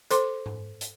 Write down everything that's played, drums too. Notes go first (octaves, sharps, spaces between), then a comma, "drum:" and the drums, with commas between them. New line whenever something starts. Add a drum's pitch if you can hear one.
A4 C5 C6 D6, drum: hi-hat
drum: tom G#2
drum: hi-hat